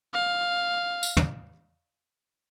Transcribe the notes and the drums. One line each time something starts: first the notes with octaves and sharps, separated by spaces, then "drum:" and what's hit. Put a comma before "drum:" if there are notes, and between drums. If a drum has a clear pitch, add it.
F5
drum: tambourine
drum: tom